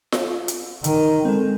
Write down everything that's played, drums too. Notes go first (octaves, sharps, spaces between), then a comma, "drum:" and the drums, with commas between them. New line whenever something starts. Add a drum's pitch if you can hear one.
drum: snare F4
drum: hi-hat
D#3, drum: hi-hat
G#3 C4 A4